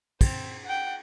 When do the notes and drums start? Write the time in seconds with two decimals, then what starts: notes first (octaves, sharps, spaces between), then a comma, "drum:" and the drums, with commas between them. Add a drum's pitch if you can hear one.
0.21 C4, drum: kick, cymbal
0.65 F#5 G5